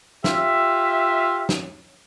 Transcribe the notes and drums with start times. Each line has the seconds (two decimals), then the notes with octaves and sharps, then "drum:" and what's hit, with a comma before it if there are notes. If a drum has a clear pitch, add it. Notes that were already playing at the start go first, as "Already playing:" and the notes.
0.24 F4 G4 E5, drum: snare
1.49 drum: snare